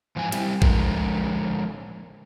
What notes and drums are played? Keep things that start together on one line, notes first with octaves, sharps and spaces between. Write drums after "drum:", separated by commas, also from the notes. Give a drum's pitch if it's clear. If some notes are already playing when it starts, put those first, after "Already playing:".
G#2 E3 F3 F5 G#5
G3 C4 E4 G4, drum: cymbal
D3 F3 G#3 A#4, drum: kick A1